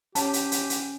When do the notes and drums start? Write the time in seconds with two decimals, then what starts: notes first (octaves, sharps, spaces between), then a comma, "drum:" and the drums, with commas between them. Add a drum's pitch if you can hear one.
0.15 C#4 G4 A5, drum: hi-hat
0.33 drum: hi-hat
0.52 drum: hi-hat
0.70 drum: hi-hat